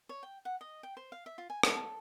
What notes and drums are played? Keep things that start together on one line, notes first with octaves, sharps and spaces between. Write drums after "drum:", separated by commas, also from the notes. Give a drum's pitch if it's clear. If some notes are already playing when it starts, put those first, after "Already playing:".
C#5
G5
F#5
D#5
G5
C5
F5
E5
F4
G#5
C5, drum: rim click
A4